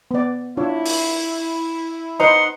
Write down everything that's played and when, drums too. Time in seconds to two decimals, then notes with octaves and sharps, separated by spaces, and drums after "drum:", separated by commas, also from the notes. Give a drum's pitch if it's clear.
0.11 B3 D5
0.57 D4 E4 F4 C#5
0.86 drum: open hi-hat
2.20 D#4 B4 C5 D#5 F#5 C6